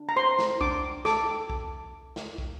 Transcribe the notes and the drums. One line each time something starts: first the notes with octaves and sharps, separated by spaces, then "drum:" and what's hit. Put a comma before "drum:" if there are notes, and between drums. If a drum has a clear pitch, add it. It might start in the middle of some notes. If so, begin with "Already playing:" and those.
Already playing: D4
A#5
C5 C6
drum: snare
D4 D6, drum: kick
A4 D6, drum: snare
drum: kick
drum: snare
drum: kick